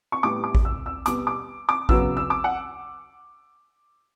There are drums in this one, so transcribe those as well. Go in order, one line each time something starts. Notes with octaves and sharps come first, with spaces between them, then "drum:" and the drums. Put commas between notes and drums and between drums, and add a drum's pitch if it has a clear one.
C#6
A2 G3 B3 D6
D6
drum: kick A1
E6
E6
B2 G3 B3 D6, drum: hi-hat
D6
D6
C#3 F#3 B3 E6, drum: kick A1
E6
D6
F#5